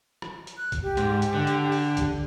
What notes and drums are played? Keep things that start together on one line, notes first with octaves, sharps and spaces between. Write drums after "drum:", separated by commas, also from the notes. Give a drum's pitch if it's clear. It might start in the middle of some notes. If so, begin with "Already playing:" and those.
drum: rim click
drum: hi-hat
F#6
drum: kick, hi-hat
G4
G#2, drum: hi-hat
drum: hi-hat
D3
drum: hi-hat
drum: open hi-hat
drum: kick, hi-hat